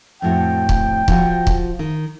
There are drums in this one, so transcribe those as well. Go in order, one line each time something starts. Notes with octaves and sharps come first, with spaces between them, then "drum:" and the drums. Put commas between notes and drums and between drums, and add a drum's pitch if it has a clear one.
F2 A2 F#4 G5
drum: kick
F3 F4 F#4, drum: kick
drum: kick
D#3